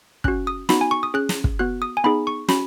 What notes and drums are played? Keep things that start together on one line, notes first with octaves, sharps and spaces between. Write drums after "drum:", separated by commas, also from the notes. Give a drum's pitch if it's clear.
C#4 F#4 F#6, drum: kick
D#6
B3 D#4 F#4 B5, drum: snare
G#5
C#6
D#6
C#4 G#4 F#6
drum: snare
drum: kick
B3 F#4 F#6
D#6
G#5
B3 D#4 G#4 B5
C#6
C#4 F#4 B5, drum: snare